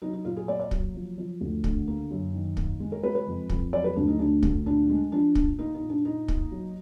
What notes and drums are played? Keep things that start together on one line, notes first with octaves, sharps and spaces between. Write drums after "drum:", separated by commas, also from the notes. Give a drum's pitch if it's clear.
F#3 D#4
D#4
A#2 F4
G#4
A#3 D5
D5
F#3, drum: kick
F3
F3
D2
D3, drum: kick
A#3
F#2
D#3
A#3, drum: kick
G#3
A#4
G#3 B4
B4
F2
F2, drum: kick
F#3 D5
B4
D2 D4
D#4
D2 D4
D2, drum: kick
A#2 D4
G#3
F3 D4
A#2, drum: kick
A#3 D#4
D#4
A#2
D4
A#2 D#4
A#3, drum: kick
F#3